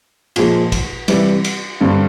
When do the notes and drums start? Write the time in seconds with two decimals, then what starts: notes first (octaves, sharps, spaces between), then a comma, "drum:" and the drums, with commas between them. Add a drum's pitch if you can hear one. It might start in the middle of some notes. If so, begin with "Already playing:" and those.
0.36 A#2 F3 G#3, drum: cymbal
0.72 drum: kick, cymbal
1.08 C3 E3 G3, drum: cymbal
1.45 drum: cymbal
1.80 G2 D3 G3 C4